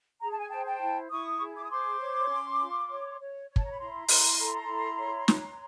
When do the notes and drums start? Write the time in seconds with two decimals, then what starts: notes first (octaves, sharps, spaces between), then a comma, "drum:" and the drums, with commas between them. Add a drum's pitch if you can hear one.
0.21 G#4 A#5
0.31 A5
0.40 G#5
0.49 C5 G5 A5
0.66 G5 A5
0.81 E4
1.11 E4 C#6 D#6
1.41 G#4
1.56 D6
1.63 D#6
1.70 C5 C6 D6
2.00 C#5
2.30 C#4
2.60 F4
2.90 C#5
3.20 C#5
3.50 C#5
3.56 A5, drum: kick
3.63 A#5
3.71 B5
3.78 E4 A#5 C6
4.08 E4, drum: open hi-hat
4.38 A4
4.68 E4
4.98 C#5
5.28 C#5, drum: snare